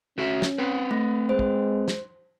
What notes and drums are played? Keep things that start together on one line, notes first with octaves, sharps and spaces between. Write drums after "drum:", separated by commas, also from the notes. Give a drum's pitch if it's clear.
A3 C#4 F#4 E5
drum: snare
C4 B4
A3
G#3 C5
drum: kick
drum: snare